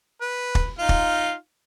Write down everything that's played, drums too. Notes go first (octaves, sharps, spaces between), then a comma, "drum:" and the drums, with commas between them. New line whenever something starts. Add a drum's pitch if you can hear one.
B4
drum: kick
D#4 F4 F5
drum: kick